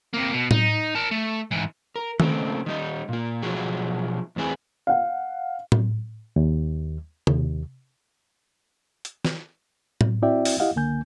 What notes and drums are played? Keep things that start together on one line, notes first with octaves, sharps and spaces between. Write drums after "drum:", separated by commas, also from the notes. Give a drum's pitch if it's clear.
C3 A#3
B2
D#4, drum: tom A2
A#4 A5
A3
G#2 E3
A#4
C#3 A3 A#3 C4, drum: tom D#3
D#3 G3 D#4
A#2 A#3
B2 F3 F#3 F#4 G#4
E2 A2 C4 G#4 B4
F5 F#5
drum: tom A2
D#2
D#2, drum: tom C3
drum: hi-hat
drum: snare
drum: tom A2
C4 E4 F#4 D5 E5 G5
drum: open hi-hat
E4 G4 D#5 F5 F#5
C#2 D3 A#3 G#5 G6